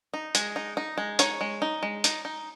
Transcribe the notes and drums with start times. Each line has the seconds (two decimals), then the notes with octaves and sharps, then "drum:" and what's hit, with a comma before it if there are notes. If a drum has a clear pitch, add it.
0.14 D#4
0.35 G#3, drum: hi-hat
0.56 D#4
0.77 D#4
0.98 G#3
1.19 D#4 C#5, drum: hi-hat
1.41 G#3
1.62 D#4
1.83 G#3
2.04 D#4, drum: hi-hat
2.25 D#4